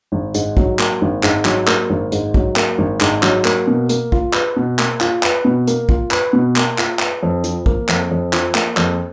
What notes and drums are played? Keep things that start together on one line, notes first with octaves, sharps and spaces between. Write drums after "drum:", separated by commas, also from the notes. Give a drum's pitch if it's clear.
G#1
G#2, drum: hi-hat
F#3, drum: kick
A#3, drum: clap
G#1
G#2, drum: clap
F#3, drum: clap
A#3, drum: clap
G#1
G#2, drum: hi-hat
F#3, drum: kick
A#3, drum: clap
G#1
G#2, drum: clap
F#3, drum: clap
A#3, drum: clap
B2
A#3, drum: hi-hat
F4, drum: kick
B4, drum: clap
B2
A#3, drum: clap
F4, drum: clap
B4, drum: clap
B2
A#3, drum: hi-hat
F4, drum: kick
B4, drum: clap
B2
A#3, drum: clap
F4, drum: clap
B4, drum: clap
F2
F3, drum: hi-hat
A#3, drum: kick
F2, drum: clap
F2
F3, drum: clap
A#3, drum: clap
F2, drum: clap